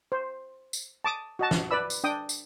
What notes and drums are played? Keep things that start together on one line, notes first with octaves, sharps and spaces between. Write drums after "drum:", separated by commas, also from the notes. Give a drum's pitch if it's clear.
C5
drum: tambourine
A5 D6 D#6
F#4 D#5 A5
drum: snare
B4 D5 B5 E6
drum: tambourine
D4 G5 D#6
drum: tambourine